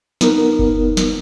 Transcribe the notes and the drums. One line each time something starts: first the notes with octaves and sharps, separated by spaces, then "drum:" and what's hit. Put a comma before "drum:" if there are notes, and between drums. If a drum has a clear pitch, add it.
B3 D#4 A#4, drum: snare
drum: kick F#1
drum: snare